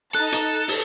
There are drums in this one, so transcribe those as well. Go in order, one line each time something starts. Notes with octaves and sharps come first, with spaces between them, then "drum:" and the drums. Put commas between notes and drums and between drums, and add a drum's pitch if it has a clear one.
D#4 A4 F#6 A6
drum: hi-hat
drum: open hi-hat